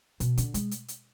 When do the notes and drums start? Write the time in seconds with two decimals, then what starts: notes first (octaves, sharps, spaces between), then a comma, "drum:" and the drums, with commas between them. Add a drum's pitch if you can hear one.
0.20 B2, drum: hi-hat
0.38 D3, drum: hi-hat
0.54 G#3, drum: hi-hat
0.71 drum: hi-hat
0.88 drum: hi-hat